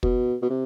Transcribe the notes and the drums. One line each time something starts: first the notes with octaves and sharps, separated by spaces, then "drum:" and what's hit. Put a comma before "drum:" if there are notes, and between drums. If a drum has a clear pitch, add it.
B2, drum: kick
B2
C3